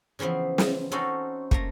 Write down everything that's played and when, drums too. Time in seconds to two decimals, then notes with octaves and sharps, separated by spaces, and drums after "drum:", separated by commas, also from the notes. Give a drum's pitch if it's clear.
0.19 C#3 E3 F3 B3 C4
0.58 drum: snare
0.92 C4 C#4 D#4 F#4 A4
1.51 A3 A#3 A#5, drum: kick